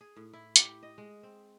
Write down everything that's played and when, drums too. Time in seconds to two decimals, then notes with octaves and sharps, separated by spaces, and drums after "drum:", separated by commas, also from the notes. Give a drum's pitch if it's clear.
0.01 G#4
0.16 A2
0.33 E4
0.56 G4, drum: hi-hat
0.83 D#5
0.98 G#3
1.23 C4